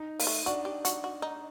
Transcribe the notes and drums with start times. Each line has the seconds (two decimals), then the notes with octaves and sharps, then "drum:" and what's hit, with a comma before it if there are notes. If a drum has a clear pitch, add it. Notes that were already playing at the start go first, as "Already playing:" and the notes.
Already playing: D#4
0.19 A#3, drum: open hi-hat
0.27 A3
0.46 D4 F#4
0.65 G4
0.85 F#4, drum: hi-hat
1.04 F#4
1.22 D#4